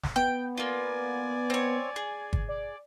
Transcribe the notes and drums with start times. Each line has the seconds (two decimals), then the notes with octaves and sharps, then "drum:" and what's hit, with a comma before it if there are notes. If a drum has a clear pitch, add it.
0.03 drum: snare
0.16 B3 G5
0.57 A#3 F4 D5 G#5
1.50 C4 C#5
1.96 G#4
2.33 drum: kick
2.49 D5